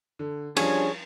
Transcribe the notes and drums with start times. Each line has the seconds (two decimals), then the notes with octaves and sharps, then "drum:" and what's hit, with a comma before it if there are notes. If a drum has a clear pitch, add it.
0.19 D3
0.57 F3 G3 C#4 D4 G#4 C#5 G#5, drum: cymbal